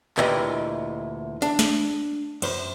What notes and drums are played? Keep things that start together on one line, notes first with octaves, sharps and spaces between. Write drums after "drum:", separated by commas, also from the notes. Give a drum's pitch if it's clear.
D2 A#2 E3 E4 G4 D#5, drum: clap
D4, drum: hi-hat
drum: snare
F#2 C5 C6, drum: cymbal